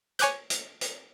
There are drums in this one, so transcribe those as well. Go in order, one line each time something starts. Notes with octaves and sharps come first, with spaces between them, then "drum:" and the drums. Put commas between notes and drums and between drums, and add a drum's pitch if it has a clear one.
C#5 G#5 D6 F#6 G6, drum: hi-hat
drum: hi-hat
drum: hi-hat